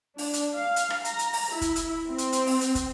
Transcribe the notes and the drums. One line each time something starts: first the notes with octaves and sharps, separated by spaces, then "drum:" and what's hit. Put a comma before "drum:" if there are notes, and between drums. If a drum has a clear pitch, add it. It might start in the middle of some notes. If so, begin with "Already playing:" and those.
D4, drum: open hi-hat
drum: hi-hat
F5
drum: hi-hat
drum: rim click
A#5, drum: hi-hat
drum: hi-hat
drum: open hi-hat
E4
drum: kick, hi-hat
drum: hi-hat
C4
drum: hi-hat
drum: hi-hat
drum: open hi-hat
drum: hi-hat
drum: kick, hi-hat